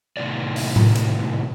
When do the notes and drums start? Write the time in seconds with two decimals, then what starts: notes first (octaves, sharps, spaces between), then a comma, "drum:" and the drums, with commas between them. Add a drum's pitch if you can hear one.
0.17 A2 C3 D#3 B3 D5
0.56 drum: open hi-hat
0.76 drum: tom A2
0.96 drum: hi-hat